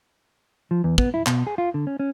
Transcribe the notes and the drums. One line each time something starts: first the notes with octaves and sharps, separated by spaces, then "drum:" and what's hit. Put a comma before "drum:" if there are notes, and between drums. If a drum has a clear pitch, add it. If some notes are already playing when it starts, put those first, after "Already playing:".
F3
E2
B3, drum: kick
E4
B2, drum: clap
G#4
F4
D3
C#4
C#4